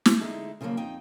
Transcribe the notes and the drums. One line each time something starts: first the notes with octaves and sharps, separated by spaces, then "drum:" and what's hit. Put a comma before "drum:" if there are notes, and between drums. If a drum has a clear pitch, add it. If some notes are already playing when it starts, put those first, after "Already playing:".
drum: snare
D3 G#3 D#4 E4
C#3 F3 F#3 G#3 A#3
F2 D#4 G5